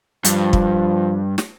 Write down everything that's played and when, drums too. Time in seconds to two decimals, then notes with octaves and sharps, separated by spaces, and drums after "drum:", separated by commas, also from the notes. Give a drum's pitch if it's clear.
0.25 G2 F3, drum: hi-hat
0.53 drum: kick
1.38 drum: snare